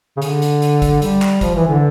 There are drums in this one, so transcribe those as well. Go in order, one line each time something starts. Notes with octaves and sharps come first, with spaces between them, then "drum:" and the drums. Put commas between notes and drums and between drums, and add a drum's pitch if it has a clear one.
C#3
D3, drum: hi-hat
drum: hi-hat
drum: hi-hat
drum: kick, hi-hat
G3, drum: hi-hat
drum: clap
F3, drum: kick, hi-hat
E3
D3